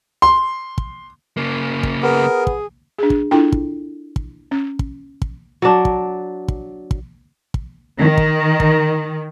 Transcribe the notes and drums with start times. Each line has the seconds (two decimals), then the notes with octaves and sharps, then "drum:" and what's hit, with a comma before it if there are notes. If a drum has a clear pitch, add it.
0.22 C6
0.78 drum: kick
1.37 C#3 A#3
1.83 drum: kick
2.03 B3 G#4 A#4
2.47 drum: kick
2.99 D4 G#4
3.10 drum: kick
3.31 D4 E4 F4 A4 G5
3.52 drum: kick
4.16 drum: kick
4.51 C#4
4.79 drum: kick
5.22 drum: kick
5.62 F#3 D4
5.85 drum: kick
6.48 drum: kick
6.91 drum: kick
7.54 drum: kick
7.98 D#3
8.18 drum: kick
8.60 drum: kick